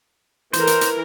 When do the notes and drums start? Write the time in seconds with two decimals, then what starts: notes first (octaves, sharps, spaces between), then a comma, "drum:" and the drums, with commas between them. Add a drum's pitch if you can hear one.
0.53 E3 A#4 C5, drum: hi-hat
0.67 drum: hi-hat
0.81 drum: hi-hat